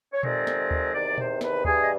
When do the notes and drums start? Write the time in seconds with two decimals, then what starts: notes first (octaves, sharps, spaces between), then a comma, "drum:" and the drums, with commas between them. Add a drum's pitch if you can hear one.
0.13 C#5
0.23 F2 C3 D#3 G#3 C4 D5, drum: tom A#2
0.47 drum: snare
0.71 drum: kick D2
0.94 E2 C3 D#3 D5
1.18 C5, drum: tom A#2
1.41 B4, drum: snare
1.65 G2 E3 G3 G#4, drum: kick D2
1.82 D#5